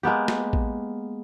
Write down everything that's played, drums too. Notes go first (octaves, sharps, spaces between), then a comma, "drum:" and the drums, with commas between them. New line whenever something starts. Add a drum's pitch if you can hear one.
G#3 A#3 B3 G4
drum: snare
drum: kick A1